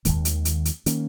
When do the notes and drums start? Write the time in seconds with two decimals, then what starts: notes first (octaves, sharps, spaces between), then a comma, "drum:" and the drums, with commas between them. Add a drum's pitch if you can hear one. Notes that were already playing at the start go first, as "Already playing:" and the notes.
0.05 D#2 D#3 G#3, drum: kick, hi-hat
0.25 drum: hi-hat
0.45 drum: hi-hat
0.65 drum: hi-hat
0.86 D#3 A#3 C#4, drum: hi-hat